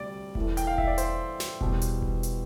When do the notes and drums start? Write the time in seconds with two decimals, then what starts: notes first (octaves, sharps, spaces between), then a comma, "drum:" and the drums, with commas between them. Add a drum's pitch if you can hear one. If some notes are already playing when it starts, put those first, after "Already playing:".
Already playing: D2 C3 G3 D5
0.35 A2 E3 A3, drum: kick E1
0.57 G5, drum: hi-hat
0.67 F5
0.78 E5, drum: kick E1
0.88 D5
0.98 C5, drum: hi-hat
1.40 drum: snare
1.61 E2 B2 G3, drum: kick E1
1.82 drum: hi-hat
2.02 drum: kick E1
2.23 drum: hi-hat